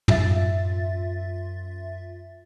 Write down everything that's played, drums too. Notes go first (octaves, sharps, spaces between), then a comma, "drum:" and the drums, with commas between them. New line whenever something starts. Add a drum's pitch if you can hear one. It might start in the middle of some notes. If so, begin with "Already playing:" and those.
F#2 F4 E5 A6, drum: tom